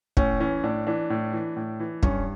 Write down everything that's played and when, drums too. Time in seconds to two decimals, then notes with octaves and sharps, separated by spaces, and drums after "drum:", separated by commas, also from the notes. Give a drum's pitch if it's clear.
0.17 A2 C#4, drum: kick
0.40 E3 C#4
0.64 A2 D4
0.87 E3 D4
1.10 A2
1.33 E3
1.56 A2
1.80 E3
2.03 G2 C#4, drum: kick